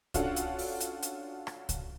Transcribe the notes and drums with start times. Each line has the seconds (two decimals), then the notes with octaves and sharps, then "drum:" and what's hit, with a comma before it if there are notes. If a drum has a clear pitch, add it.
0.14 C#4 D4 F4 F#4 A4, drum: kick C2, hi-hat
0.36 drum: hi-hat
0.58 drum: open hi-hat
0.81 drum: hi-hat
1.03 drum: hi-hat
1.47 drum: rim click
1.69 drum: kick C2, hi-hat